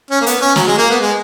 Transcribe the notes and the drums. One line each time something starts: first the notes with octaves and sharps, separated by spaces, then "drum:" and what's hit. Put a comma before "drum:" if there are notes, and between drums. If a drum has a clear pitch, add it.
C#4
A#3
B3, drum: hi-hat
C#4
F#3, drum: snare
G#3
A#3
B3
G#3